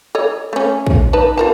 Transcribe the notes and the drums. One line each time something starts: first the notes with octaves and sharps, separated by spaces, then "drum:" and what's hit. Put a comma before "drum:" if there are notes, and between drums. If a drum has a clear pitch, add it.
A4 C#5 D#5
A3 C#4
drum: kick
D#4 B4 A5
F4 A#4 A5